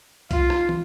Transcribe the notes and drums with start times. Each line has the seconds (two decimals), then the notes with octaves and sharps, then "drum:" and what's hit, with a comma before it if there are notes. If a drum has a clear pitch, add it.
0.31 F4, drum: kick C2, hi-hat
0.50 drum: rim click
0.69 drum: tom